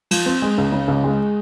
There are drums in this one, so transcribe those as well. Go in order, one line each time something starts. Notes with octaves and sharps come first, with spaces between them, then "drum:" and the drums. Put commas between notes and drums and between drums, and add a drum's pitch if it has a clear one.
F3, drum: cymbal
C4
G#3
C#2
C#3
C#2
G#3